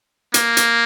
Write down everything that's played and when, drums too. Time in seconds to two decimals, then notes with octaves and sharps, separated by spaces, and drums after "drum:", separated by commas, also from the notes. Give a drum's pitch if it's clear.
0.34 A#3, drum: hi-hat
0.57 drum: hi-hat